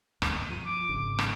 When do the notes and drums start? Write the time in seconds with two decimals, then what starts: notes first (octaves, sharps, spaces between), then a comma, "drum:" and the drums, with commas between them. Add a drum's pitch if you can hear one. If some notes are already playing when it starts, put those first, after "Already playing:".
0.22 D2 G2 B2, drum: rim click
0.50 F3 D#7
0.65 D6
0.89 G#1 C#3
1.19 drum: rim click